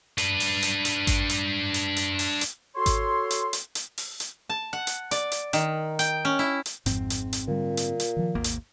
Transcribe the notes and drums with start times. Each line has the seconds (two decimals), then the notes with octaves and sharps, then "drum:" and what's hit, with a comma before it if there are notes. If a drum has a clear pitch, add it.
0.18 D4 B4, drum: hi-hat
0.40 drum: open hi-hat
0.63 drum: hi-hat
0.85 drum: hi-hat
1.07 drum: kick G#1, hi-hat
1.30 drum: hi-hat
1.74 drum: hi-hat
1.97 drum: hi-hat
2.19 drum: open hi-hat
2.41 drum: hi-hat
2.76 F#4 A4 C#5 C6
2.86 drum: kick G#1, hi-hat
3.31 drum: hi-hat
3.53 drum: hi-hat
3.75 drum: hi-hat
3.98 drum: open hi-hat
4.20 drum: hi-hat
4.49 A5
4.73 F#5
4.87 drum: hi-hat
5.11 D5, drum: hi-hat
5.32 drum: hi-hat
5.53 D#3, drum: hi-hat
5.99 G5, drum: hi-hat
6.25 C#4
6.39 E4
6.66 drum: hi-hat
6.86 G#1 F2 G#2 C4, drum: hi-hat
7.10 drum: hi-hat
7.33 drum: hi-hat
7.48 A#2 D3 G3
7.77 drum: hi-hat
8.00 drum: hi-hat
8.16 D#3 F3
8.35 G#1 D#2 A#3
8.44 drum: hi-hat